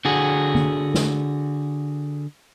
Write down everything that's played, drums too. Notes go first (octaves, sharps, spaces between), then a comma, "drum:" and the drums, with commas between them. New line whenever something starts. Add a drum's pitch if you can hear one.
D3 F#4 G#4
drum: tom D3
drum: snare